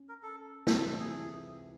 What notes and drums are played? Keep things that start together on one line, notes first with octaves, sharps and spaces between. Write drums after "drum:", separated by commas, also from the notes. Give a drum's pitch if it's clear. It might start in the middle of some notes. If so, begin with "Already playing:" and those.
Already playing: C#4
A#4
A4
C#2 C3 E3 A4, drum: snare
A4
A4
G#4